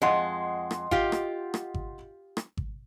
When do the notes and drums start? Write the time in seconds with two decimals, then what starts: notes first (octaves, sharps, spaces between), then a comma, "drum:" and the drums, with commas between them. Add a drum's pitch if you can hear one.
0.02 F2 G#3 D#5 F#5 C6
0.71 drum: rim click
0.91 F4 G4, drum: kick G#1
1.12 drum: rim click
1.54 drum: rim click
1.74 drum: kick G#1
2.37 drum: rim click
2.57 drum: kick G#1